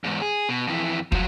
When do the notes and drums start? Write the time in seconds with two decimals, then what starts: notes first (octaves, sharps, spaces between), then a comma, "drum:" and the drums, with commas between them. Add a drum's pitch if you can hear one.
0.04 E2 G#2
0.22 G#4
0.49 B2
0.67 F2 E3
1.12 F3 F#3, drum: kick